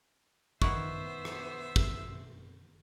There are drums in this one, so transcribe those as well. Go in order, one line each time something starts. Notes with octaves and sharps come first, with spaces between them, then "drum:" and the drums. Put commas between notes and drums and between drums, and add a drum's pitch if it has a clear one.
D#3 B3 E4 C5 E5 F#5 C#6, drum: kick
drum: rim click
drum: kick